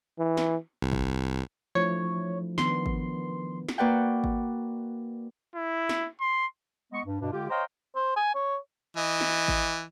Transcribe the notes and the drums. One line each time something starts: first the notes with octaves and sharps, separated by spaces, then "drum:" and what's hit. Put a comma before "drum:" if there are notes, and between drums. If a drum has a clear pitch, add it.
E3
drum: snare
C2
drum: kick G#1
F3 A3 D4 E4 C#5
D#3 B3 D4 C6, drum: snare
drum: kick G#1
drum: snare
A#3 F#4 B4 D5 F#5 G5
drum: kick G#1
E4
drum: snare
C6
G#3 B3 D#5 C#6
G2
G2 B2 D4
D3 G#3 F4 G4
C5 C#5 D#5 F5 G5 A#5
C5
G#5
C#5
E3 D#5
drum: snare
drum: kick G#1